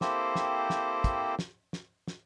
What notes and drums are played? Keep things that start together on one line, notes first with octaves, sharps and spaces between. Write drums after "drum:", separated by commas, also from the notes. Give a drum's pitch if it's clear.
A#3 C4 E4 G4 A4 C5, drum: snare
drum: snare
drum: snare
drum: kick, hi-hat
drum: snare
drum: snare
drum: snare